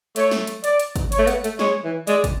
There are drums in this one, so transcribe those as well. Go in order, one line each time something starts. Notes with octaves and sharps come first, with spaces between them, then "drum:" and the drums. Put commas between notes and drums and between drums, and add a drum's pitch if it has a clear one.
A3 C#5, drum: hi-hat
drum: snare
drum: hi-hat
D5, drum: hi-hat
drum: hi-hat
drum: kick, hi-hat
C#5, drum: hi-hat
A3
B3, drum: hi-hat
A3, drum: hi-hat
G#3 C#5, drum: snare
E3
G#3 D5, drum: hi-hat
drum: kick, hi-hat